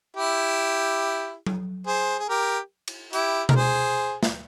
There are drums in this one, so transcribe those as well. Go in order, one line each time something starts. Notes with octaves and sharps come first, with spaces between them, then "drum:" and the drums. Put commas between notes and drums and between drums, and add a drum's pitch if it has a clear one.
E4 G4
drum: tom F#3
G#4 C5
G#4
G4 A#4
drum: cymbal
E4 G4, drum: hi-hat
A#4, drum: tom B2
G#4 C5
drum: snare